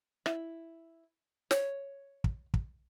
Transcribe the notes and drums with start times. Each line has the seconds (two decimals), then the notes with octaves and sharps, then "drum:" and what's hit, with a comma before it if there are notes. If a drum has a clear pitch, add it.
0.26 E4, drum: rim click
1.51 C#5, drum: snare
2.24 drum: kick
2.54 drum: kick